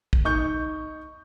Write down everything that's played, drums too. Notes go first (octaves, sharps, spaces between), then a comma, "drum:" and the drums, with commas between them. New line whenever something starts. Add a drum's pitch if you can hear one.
drum: kick
D#4 C#6 G6